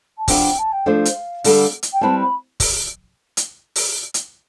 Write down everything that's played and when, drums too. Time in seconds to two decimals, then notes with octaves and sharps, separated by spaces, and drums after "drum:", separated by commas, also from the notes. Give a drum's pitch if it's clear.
0.18 A5
0.28 F3 B3 D4 F4 G5, drum: kick, open hi-hat
0.58 A5
0.72 G5
0.86 F3 A3 D4 A4 C5 F5
1.05 drum: hi-hat
1.44 D3 G3 B3 D4 A4, drum: open hi-hat
1.83 drum: hi-hat
1.93 G5
2.01 G3 C4 E4 B4 A5
2.21 B5
2.60 drum: kick, open hi-hat
3.37 drum: hi-hat
3.76 drum: open hi-hat
4.14 drum: hi-hat